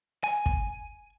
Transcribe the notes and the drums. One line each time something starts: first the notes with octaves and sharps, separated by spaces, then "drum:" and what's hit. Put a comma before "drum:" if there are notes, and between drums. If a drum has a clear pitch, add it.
G#5
drum: kick